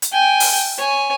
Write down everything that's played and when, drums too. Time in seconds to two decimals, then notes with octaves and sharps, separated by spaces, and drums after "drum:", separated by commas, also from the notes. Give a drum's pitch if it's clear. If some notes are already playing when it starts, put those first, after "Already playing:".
0.02 drum: hi-hat
0.12 G5 G#5
0.40 drum: open hi-hat
0.78 C#5 G#5